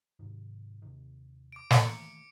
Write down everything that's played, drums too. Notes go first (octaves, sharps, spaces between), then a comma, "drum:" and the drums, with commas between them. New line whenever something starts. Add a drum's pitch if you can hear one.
G#2 C3 D#3
D#2 C3 D#3
D6 D7
D6 C#7, drum: snare
D#3 A3